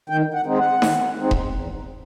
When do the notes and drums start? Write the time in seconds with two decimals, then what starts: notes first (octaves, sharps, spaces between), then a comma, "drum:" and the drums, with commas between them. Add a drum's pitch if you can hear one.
0.09 D#3 G5
0.34 F#5
0.46 G#3 C4 D#4
0.59 F#5
0.82 D#3, drum: snare D#4
1.19 G#3 C4 D#4
1.31 drum: kick E1
1.55 E2